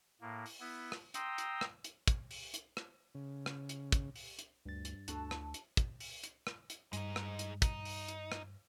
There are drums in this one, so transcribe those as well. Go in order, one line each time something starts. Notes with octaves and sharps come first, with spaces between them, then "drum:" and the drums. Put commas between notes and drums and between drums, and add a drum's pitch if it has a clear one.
A2 A#3
drum: open hi-hat
B3 E4
drum: rim click
G5 A#5 C6 D#6 E6, drum: hi-hat
drum: hi-hat
drum: rim click
drum: hi-hat
drum: kick, hi-hat
drum: open hi-hat
drum: hi-hat
drum: rim click
C#3
drum: rim click
drum: hi-hat
drum: kick, hi-hat
drum: open hi-hat
drum: hi-hat
D2 G2 A6
drum: hi-hat
D2 D4 F#4 A4, drum: hi-hat
drum: rim click
drum: hi-hat
drum: kick, hi-hat
drum: open hi-hat
drum: hi-hat
drum: rim click
drum: hi-hat
G2 G#3 D#4, drum: hi-hat
drum: rim click
drum: hi-hat
D#4, drum: kick, hi-hat
drum: open hi-hat
drum: hi-hat
drum: rim click